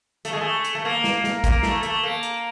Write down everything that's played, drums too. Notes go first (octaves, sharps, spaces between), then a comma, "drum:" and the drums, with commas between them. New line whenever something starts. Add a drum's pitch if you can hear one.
A3, drum: hi-hat
G#3
A3
drum: hi-hat
A3
A#3
drum: snare
drum: snare
A#3, drum: kick A1, hi-hat
A3, drum: snare
A3, drum: hi-hat
A#3
drum: hi-hat